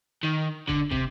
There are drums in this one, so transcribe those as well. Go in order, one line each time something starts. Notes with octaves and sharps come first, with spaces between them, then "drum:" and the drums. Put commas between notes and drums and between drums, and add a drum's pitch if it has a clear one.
D#3
D3, drum: kick
C3, drum: kick